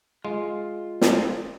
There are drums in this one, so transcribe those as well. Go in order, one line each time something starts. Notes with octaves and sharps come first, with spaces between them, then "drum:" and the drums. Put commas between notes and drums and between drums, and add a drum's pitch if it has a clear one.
G#3 F4
drum: snare